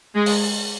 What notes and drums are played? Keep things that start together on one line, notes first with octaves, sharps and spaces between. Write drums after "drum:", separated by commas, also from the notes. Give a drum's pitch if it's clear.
G#3
drum: open hi-hat